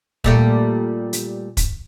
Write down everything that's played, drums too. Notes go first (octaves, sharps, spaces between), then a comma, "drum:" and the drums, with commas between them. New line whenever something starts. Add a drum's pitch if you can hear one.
A#2 G3 A3, drum: kick
drum: hi-hat
drum: kick, hi-hat